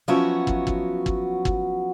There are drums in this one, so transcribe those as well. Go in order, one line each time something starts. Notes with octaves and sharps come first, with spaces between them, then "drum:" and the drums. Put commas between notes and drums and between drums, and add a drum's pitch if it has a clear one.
F3 F#3 B3 C#4 F#4 E5
drum: kick
drum: kick
drum: kick
drum: kick